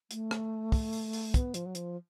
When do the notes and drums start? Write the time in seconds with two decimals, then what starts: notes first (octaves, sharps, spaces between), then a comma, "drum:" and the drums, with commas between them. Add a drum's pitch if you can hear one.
0.11 A3, drum: hi-hat
0.31 drum: rim click
0.72 drum: kick, open hi-hat
0.93 drum: open hi-hat
1.13 drum: open hi-hat
1.34 B3, drum: kick, hi-hat
1.54 F3, drum: hi-hat
1.66 F#3
1.75 F3, drum: hi-hat